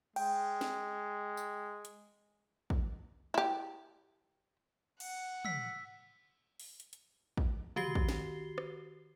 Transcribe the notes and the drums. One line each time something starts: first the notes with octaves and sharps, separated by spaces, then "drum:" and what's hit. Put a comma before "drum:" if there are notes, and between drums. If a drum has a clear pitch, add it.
G#3 G5, drum: cymbal
drum: snare
drum: tambourine
drum: hi-hat
drum: kick
E4 G4
F#5, drum: cymbal
E6 B6, drum: tom
drum: open hi-hat
drum: hi-hat
drum: hi-hat
drum: kick
D#3 F#4 G4 C7 G7, drum: tom
drum: kick
drum: snare
drum: rim click